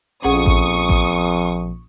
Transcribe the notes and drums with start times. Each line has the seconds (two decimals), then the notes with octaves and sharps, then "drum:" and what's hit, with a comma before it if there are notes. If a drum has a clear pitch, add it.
0.24 A#1 F2 C#4 G#4 F#5 C#6 D#6
0.46 drum: kick A1
0.89 drum: kick A1